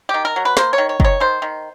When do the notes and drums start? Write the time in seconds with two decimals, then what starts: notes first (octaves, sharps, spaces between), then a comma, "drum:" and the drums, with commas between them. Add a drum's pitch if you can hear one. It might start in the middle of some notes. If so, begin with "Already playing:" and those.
0.09 G4
0.14 D#3
0.25 A#4
0.36 F#3
0.45 B4
0.57 A#3 C5, drum: snare
0.73 C#5
0.78 D#3
0.89 C#5
1.00 D#3 C#5, drum: kick
1.20 D#3 C5
1.42 D#3